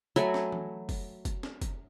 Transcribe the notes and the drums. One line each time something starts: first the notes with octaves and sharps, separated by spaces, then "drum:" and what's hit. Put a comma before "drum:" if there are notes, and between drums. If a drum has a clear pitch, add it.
F#3 A3 G#5 B5, drum: hi-hat
drum: snare
drum: tom E3
drum: kick, open hi-hat
drum: kick, hi-hat
drum: snare
drum: kick, hi-hat